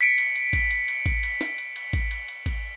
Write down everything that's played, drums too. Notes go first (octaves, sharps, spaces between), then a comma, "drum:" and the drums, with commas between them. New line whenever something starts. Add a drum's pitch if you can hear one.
B6 C#7 D7
drum: cymbal
drum: cymbal
drum: kick G#1, cymbal
drum: cymbal
drum: cymbal
drum: kick G#1, cymbal
drum: cymbal
drum: snare
drum: cymbal
drum: cymbal
drum: kick G#1, cymbal
drum: cymbal
drum: cymbal
drum: kick G#1, cymbal